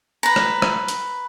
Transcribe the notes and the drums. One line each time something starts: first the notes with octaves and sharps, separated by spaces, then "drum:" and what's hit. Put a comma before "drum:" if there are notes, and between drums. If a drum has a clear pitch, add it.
B4 A#5
drum: rim click
drum: rim click
drum: hi-hat